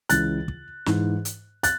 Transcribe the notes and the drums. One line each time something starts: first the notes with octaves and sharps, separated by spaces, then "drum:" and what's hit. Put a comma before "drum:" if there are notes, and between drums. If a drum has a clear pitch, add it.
C#2 C#3 E3 F#6 A6, drum: hi-hat
drum: kick
G#2 E3, drum: snare
drum: hi-hat
F#6 A6, drum: hi-hat